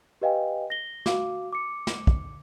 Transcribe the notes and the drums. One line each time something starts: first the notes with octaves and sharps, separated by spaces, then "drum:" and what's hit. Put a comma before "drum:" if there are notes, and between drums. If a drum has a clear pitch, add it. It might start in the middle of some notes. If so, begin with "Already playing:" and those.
G4 B4 D#5 F5 G5 G#5
A#6 G7
F#4 F5 D6, drum: snare
D6 C#7
drum: snare
drum: kick